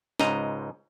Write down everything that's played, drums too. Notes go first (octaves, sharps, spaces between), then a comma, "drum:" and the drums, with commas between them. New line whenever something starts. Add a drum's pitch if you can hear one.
C#2 G#2 D#5 A#5, drum: snare